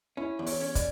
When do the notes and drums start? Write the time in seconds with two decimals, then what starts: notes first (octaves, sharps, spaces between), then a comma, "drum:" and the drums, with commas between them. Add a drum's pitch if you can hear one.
0.17 C#4 E4
0.39 E2
0.46 C#5, drum: open hi-hat
0.61 C#4
0.75 D5, drum: kick, hi-hat